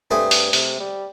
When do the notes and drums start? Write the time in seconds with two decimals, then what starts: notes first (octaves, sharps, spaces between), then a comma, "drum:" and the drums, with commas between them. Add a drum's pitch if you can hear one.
0.11 G2 A3 C4 G#4
0.31 drum: open hi-hat
0.53 C3, drum: open hi-hat
0.80 G3